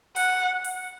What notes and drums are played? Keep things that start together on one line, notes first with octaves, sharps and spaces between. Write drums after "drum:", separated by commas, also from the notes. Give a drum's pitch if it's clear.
F#5, drum: open hi-hat
drum: open hi-hat